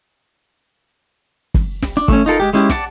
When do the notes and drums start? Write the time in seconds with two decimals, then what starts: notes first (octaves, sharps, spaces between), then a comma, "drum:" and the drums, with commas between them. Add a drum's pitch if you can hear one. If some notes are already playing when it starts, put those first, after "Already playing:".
1.54 drum: kick F#1
1.82 drum: snare
1.97 D4
2.08 A3 C#4, drum: kick F#1
2.26 D#4 F4 A4 A#4
2.40 G#3 G4
2.53 G#3 C#4 E4 G4
2.70 D5 F#5 A5, drum: snare